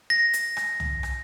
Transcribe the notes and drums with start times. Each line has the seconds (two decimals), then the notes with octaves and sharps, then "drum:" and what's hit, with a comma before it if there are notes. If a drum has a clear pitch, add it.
0.10 A#6
0.33 drum: hi-hat
0.57 drum: rim click
0.80 drum: tom
1.03 drum: rim click